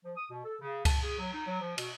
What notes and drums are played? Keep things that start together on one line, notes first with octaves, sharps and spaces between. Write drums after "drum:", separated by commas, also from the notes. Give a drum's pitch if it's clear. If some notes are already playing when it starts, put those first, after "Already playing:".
F3
D#6
B2
A4
C#3
A5, drum: kick C#2, cymbal
G#4
F#3
D#4
F#3
F3
B2, drum: cymbal